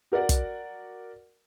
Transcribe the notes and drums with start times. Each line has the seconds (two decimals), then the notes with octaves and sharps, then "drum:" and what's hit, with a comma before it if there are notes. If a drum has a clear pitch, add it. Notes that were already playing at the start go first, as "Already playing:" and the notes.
0.12 F#4 A#4 D5 F#5
0.29 drum: kick, hi-hat